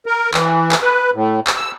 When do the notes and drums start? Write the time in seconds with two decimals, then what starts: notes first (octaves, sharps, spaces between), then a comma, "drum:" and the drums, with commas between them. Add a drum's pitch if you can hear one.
0.06 A#4
0.34 E3, drum: clap
0.72 drum: clap
0.82 B4
1.14 A2
1.47 drum: clap
1.57 E6